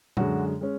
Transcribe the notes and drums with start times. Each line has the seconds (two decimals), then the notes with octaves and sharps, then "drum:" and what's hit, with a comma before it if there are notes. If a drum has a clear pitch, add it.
0.17 F#2 D3 G#3 F#4, drum: tom A#2
0.61 G#3 C#4